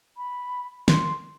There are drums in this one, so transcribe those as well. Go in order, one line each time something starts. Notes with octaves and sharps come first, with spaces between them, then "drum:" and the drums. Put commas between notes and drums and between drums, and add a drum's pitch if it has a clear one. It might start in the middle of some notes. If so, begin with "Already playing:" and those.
B5
C6, drum: snare